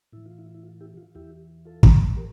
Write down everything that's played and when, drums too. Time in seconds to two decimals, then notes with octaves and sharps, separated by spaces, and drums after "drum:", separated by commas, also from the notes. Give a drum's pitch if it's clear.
0.12 A2 E3 E4
0.26 F4
0.39 E4
0.54 E4
0.63 F4
0.81 E4 G4
0.97 F4
1.15 E2 E3 E4 G4
1.65 F4 A4
1.83 drum: kick
2.17 G4 A#4